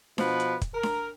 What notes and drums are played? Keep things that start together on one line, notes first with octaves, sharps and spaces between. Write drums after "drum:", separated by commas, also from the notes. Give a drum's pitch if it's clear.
B2 F3 B4, drum: snare D4
drum: hi-hat
drum: kick, hi-hat
A#4
drum: snare D4